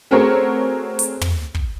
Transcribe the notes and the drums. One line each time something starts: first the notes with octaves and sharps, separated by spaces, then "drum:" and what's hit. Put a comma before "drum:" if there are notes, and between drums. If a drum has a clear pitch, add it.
A3 C4 F#4 G#4 A#4 C#5
drum: hi-hat
drum: tom
drum: kick